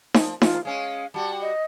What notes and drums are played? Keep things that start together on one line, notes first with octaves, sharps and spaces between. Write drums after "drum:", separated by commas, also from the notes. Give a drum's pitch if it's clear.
F3, drum: snare D#4
E2 G#2 F4, drum: snare D#4
G#3 C#4 F5
G3 F#4 A5
D#5